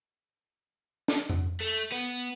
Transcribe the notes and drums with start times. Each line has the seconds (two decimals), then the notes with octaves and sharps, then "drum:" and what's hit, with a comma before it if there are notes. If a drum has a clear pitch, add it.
1.08 drum: snare
1.29 drum: tom F2
1.61 A3
1.92 B3